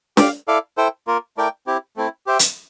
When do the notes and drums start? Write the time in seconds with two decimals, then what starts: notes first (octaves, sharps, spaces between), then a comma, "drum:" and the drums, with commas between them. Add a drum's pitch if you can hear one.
0.17 G4 D5 F5, drum: snare
0.48 E4 A4 D5 F5
0.77 E4 A4 C5 G5
1.07 A#3 F4 A#4
1.37 A3 E4 A#4 D5 G5
1.67 C4 E4 G4
1.96 A3 C4 E4
2.27 G4 C5 E5 G5
2.39 drum: hi-hat